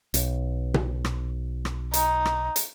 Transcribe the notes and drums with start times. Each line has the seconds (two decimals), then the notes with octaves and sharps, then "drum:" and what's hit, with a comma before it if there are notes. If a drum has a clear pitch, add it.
0.14 B1, drum: hi-hat
0.74 drum: tom B2
1.05 drum: rim click
1.65 drum: rim click
1.93 D#4, drum: hi-hat
2.25 drum: rim click
2.56 drum: hi-hat